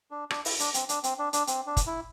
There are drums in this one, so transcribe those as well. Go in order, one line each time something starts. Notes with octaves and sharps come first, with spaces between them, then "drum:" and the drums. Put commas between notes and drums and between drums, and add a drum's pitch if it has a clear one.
D4
D4, drum: rim click
E4, drum: open hi-hat
D4, drum: hi-hat
C4, drum: hi-hat
D4, drum: hi-hat
C4, drum: hi-hat
D4
D4, drum: hi-hat
C4, drum: hi-hat
D4
drum: kick, hi-hat
E4